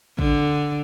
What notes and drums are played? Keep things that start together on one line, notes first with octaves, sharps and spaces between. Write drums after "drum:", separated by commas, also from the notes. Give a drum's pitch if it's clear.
D3, drum: kick